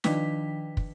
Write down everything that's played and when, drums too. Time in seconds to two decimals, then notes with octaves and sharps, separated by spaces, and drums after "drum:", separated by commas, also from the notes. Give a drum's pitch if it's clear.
0.04 D#3 F3 D4 B4 G5 B6, drum: snare
0.77 drum: kick